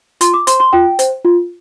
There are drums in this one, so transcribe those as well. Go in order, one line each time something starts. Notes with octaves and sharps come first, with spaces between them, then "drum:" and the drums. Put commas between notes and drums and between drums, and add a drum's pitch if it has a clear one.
F4 C6, drum: hi-hat
D6
C5 C6, drum: hi-hat
C6
F4 G5
C5, drum: hi-hat
F4